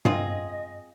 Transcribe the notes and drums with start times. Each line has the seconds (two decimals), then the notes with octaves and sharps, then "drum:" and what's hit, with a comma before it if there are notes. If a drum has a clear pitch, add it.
0.05 C4 F4 G#4 D#5, drum: tom G2